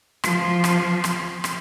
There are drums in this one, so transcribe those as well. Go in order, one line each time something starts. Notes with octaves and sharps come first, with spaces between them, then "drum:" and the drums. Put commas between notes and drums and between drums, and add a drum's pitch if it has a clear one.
F3, drum: rim click
drum: rim click
drum: rim click
drum: rim click